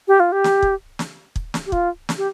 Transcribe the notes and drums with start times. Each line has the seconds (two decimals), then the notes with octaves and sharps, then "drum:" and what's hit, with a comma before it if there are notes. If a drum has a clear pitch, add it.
0.08 G4
0.20 F4
0.32 G4
0.44 drum: snare
0.62 drum: kick
0.99 drum: snare
1.36 drum: kick
1.54 drum: snare
1.66 G4
1.72 F4, drum: kick
2.09 drum: snare
2.18 G4